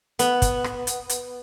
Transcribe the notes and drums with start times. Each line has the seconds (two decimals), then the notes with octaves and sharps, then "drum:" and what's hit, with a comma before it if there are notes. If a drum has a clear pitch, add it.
0.19 B3, drum: hi-hat
0.42 drum: kick, hi-hat
0.64 drum: rim click
0.87 drum: hi-hat
1.09 drum: hi-hat